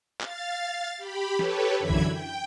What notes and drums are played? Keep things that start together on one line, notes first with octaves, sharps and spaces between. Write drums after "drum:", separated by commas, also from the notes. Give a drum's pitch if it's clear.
F5 A6, drum: clap
G4 B5
G4 A4 B4 C#5, drum: snare
F#2 D3 E3 E5 B5 G#6
drum: kick A#1
G5